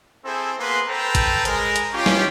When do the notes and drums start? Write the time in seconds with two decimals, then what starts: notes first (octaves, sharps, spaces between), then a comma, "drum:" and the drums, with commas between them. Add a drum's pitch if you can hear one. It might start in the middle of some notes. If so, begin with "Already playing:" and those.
0.25 C4 E4 G#4 A4 C5
0.59 A#3 B3 G#4 B4 C6
0.88 A4 B4 C5 G5 A5 A#5
1.15 drum: kick, hi-hat
1.45 G#3 A#4, drum: hi-hat
1.76 drum: hi-hat
1.93 C#4 F4 G4
2.06 drum: snare